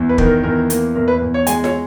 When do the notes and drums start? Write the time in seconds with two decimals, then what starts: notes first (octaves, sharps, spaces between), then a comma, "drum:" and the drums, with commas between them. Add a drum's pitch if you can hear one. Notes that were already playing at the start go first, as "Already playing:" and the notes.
Already playing: E2
0.09 B4
0.18 D#3, drum: kick
0.26 A#4
0.44 E2 A#4
0.70 A#3, drum: hi-hat
0.95 E2 A#4
1.08 B4
1.22 E2
1.34 C#5
1.47 G#3 G#5, drum: hi-hat
1.64 C#5, drum: snare